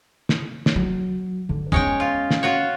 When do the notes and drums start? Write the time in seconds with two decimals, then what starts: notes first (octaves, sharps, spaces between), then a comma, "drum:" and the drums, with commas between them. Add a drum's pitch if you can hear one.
0.29 drum: snare
0.66 drum: snare
0.76 F#3
1.49 D3
1.72 G#3 B3 C#4 C#5 G5, drum: tom
2.00 F4
2.31 drum: snare
2.43 F4 F#4 C#5